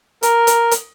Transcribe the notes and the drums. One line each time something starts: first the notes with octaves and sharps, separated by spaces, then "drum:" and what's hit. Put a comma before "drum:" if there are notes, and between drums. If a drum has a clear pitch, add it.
A#4, drum: hi-hat
drum: hi-hat
drum: hi-hat